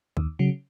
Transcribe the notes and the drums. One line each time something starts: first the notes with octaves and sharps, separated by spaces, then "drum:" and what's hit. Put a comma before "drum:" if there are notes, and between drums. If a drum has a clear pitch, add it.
D#2, drum: kick
C#3 F#3